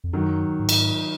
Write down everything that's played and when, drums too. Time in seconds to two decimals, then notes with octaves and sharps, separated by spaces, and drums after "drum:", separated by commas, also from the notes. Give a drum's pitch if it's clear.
0.04 F2
0.13 F#2 D#3 F#3
0.59 G#2
0.69 drum: cymbal